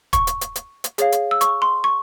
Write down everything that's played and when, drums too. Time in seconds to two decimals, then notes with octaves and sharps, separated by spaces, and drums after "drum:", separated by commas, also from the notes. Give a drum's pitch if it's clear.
0.13 C#6, drum: kick, hi-hat
0.27 drum: hi-hat
0.41 drum: hi-hat
0.55 drum: hi-hat
0.84 drum: hi-hat
0.98 G#4 C#5 F5, drum: hi-hat
1.12 drum: hi-hat
1.31 E6
1.41 C#6, drum: hi-hat
1.62 C6
1.84 C#6